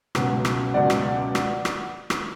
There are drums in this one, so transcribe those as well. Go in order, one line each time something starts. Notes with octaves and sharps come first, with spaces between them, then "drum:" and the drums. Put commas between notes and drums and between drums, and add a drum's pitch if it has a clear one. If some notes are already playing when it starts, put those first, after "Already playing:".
C#2 B2 F#3, drum: rim click
drum: rim click
C#2 B2 F#3 D5 F#5
drum: rim click
drum: rim click
drum: rim click
drum: rim click